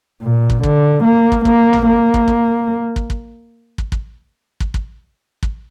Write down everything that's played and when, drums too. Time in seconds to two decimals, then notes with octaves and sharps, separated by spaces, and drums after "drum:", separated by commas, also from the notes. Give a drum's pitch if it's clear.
0.23 A#2
0.50 drum: kick
0.63 D3, drum: kick
1.04 A#3
1.32 drum: kick
1.45 A#3, drum: kick
1.73 drum: tom
1.87 A#3
2.14 drum: kick
2.28 drum: kick
2.96 drum: kick
3.10 drum: kick
3.78 drum: kick
3.92 drum: kick
4.60 drum: kick
4.74 drum: kick
5.43 drum: kick